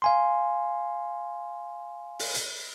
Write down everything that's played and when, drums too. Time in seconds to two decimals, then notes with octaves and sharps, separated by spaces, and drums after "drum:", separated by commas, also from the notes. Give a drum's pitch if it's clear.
0.02 F5 G#5 C6
2.19 drum: open hi-hat
2.34 drum: hi-hat